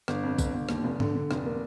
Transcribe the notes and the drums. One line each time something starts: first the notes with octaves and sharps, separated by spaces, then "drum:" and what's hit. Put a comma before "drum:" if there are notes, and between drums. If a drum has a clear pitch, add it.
G1, drum: rim click
F2
G1, drum: kick, tambourine
G1
D#2, drum: rim click
F1
D3, drum: tom G#2
D3
F1, drum: rim click
A#3